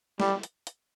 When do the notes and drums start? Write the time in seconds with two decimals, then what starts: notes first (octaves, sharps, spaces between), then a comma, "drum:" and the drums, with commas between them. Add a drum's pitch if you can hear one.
0.20 G3, drum: snare
0.43 drum: hi-hat
0.67 drum: hi-hat